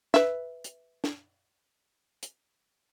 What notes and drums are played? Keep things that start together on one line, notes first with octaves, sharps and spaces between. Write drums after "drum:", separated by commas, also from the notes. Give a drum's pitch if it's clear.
B4 E5, drum: snare
drum: hi-hat
drum: snare
drum: hi-hat